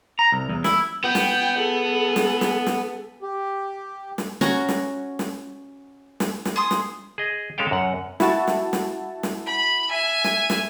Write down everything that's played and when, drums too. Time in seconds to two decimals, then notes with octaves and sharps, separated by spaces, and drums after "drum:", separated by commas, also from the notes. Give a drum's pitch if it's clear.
0.19 A#5
0.32 C2
0.49 E2
0.64 E4, drum: snare
1.04 B3 G5
1.15 drum: snare
1.57 G#4 A4
2.16 drum: snare
2.41 drum: snare
2.66 drum: snare
3.22 G4
4.18 drum: snare
4.41 C#4 F#4 A#5, drum: snare
4.69 drum: snare
5.19 drum: snare
6.20 drum: snare
6.45 drum: snare
6.56 G#4 C6 D#6
6.71 drum: snare
7.18 G#4 D#5
7.58 G#3 C#4 A4 F5 G5
7.71 F#2 F#5
8.20 E4 F#4 A5, drum: snare
8.48 drum: snare
8.73 drum: snare
9.23 drum: snare
9.46 B5
9.89 E5 G#5
10.24 drum: snare
10.50 drum: snare